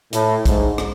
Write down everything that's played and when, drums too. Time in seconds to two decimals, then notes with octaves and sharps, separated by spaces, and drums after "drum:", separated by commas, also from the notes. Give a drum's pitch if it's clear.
0.13 A2, drum: hi-hat
0.45 G#2, drum: kick, hi-hat
0.78 drum: rim click